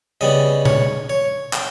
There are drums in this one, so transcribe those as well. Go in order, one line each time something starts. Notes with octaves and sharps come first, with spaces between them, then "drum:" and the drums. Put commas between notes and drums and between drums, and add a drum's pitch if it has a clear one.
C#3 G3 B3 D#5
C#5, drum: tom A#2
C#5
G5, drum: clap